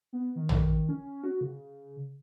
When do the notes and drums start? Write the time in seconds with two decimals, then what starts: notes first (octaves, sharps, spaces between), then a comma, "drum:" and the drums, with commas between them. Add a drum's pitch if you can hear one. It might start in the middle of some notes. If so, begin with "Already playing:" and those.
0.13 B3
0.36 D#3
0.49 drum: tom
0.89 C#4
1.24 F#4
1.41 C#3